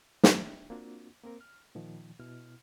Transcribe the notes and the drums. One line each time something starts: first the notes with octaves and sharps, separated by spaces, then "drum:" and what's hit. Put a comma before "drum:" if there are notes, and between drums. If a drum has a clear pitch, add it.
D4 E5 G5, drum: snare
A#3 C4 D4 F4 F#4
A#3 C4 A#4
F6
A#2 D#3 F3
B2 E4 F6